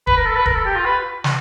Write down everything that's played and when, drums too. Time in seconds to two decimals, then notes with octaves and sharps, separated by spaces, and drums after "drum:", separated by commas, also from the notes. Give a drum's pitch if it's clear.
0.07 B4, drum: kick D#1
0.17 A#4
0.26 A4
0.36 B4
0.46 A#4, drum: kick D#1
0.56 A4
0.66 G4
0.76 F4
0.85 B4
1.24 drum: snare